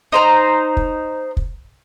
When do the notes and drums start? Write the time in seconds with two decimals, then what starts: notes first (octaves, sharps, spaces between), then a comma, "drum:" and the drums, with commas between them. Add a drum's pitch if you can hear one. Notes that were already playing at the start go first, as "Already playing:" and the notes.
0.12 D#4 C5 A#5
0.77 drum: kick
1.37 drum: kick